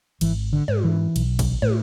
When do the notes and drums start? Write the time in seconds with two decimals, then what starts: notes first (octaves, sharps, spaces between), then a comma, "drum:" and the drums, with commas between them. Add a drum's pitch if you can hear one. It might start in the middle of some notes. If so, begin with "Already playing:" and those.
0.21 G#1 E3, drum: cymbal
0.53 D3
0.68 G#2, drum: tom
0.84 E3
1.16 B1, drum: cymbal
1.39 drum: kick A1, cymbal
1.62 A2, drum: tom